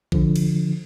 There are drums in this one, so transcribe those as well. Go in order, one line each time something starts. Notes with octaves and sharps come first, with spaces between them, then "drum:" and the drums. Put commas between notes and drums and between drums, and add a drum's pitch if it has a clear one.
D3 F3, drum: kick A#1
drum: cymbal